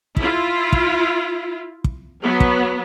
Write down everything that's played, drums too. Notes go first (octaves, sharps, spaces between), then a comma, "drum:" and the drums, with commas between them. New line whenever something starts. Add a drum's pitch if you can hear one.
E4 F4, drum: kick
drum: kick
drum: kick
F#3 B3
drum: kick